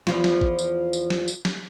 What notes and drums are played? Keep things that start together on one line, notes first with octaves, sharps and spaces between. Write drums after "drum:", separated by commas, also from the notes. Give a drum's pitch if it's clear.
E2 F3 F4, drum: snare
drum: snare
drum: kick
drum: tambourine
drum: tambourine
drum: snare
drum: tambourine
drum: snare